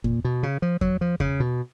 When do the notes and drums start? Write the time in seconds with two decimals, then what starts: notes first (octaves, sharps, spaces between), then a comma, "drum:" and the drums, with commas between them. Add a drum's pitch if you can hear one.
0.04 A#2, drum: kick E2
0.25 B2
0.43 C#3
0.62 F3
0.81 F#3, drum: kick E2
1.01 F3
1.20 C#3, drum: kick E2
1.40 B2